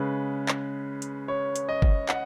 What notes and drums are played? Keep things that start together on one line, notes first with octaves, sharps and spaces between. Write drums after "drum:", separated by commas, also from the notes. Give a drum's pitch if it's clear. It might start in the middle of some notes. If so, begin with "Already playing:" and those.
Already playing: C#3 G#3 C#4 B4
drum: clap
drum: hi-hat
C#5
drum: hi-hat
D#5
drum: kick
F#5, drum: clap